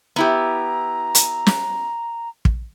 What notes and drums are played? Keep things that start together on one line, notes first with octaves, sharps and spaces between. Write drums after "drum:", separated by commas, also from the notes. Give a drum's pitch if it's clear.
B3 E4 G4 A#5
drum: hi-hat
drum: snare
drum: kick